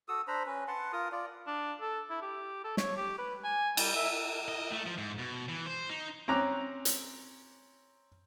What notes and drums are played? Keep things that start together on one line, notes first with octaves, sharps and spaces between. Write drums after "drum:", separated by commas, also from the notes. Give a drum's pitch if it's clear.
F#4 A4 D#6 E6
D4 C5 A#5 B5
C#4 B4
B4 F#5 A5 C6
F4 A#4 D#6
F4 D5
D4
A4
E4
G4
A4
C#5, drum: snare
G4
B4
G#5
G3, drum: cymbal
E5
D#5
A3
F3
G#2
B2
E3
C5
D#4
C4 C#4 A#5 D6 F#6
drum: hi-hat